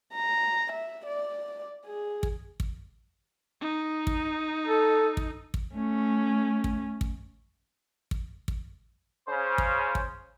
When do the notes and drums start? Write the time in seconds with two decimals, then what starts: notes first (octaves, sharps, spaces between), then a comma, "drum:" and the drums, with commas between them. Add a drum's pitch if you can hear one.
0.14 A#5
0.72 E5
1.06 D5
1.86 G#4
2.23 drum: kick
2.60 drum: kick
3.61 D#4
4.07 drum: kick
4.67 A4
5.17 drum: kick
5.54 drum: kick
5.74 A3 C#4
6.64 drum: kick
7.01 drum: kick
8.11 drum: kick
8.48 drum: kick
9.27 C#3 C5
9.58 drum: kick
9.95 drum: kick